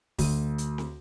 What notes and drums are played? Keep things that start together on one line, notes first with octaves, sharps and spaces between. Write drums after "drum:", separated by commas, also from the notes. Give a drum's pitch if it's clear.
D2, drum: kick, open hi-hat
drum: hi-hat
drum: snare